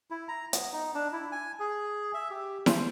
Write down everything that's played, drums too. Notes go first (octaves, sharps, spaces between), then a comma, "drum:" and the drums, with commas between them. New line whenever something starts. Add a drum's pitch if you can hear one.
E4
A#5
B3, drum: hi-hat
D#4
D4
E4
G#5
G#4
E5
G4
C5, drum: snare E4